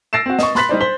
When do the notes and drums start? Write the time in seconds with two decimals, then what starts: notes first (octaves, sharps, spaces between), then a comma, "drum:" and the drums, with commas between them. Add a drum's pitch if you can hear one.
0.13 E6 A6 A#6 C7 D7 E7
0.26 C4 F#4
0.39 D#5 C#6, drum: snare
0.55 B5 C6 F#6 A6 B6 F#7, drum: snare
0.69 G3 D#4 C5 D5
0.81 C5 B6 G7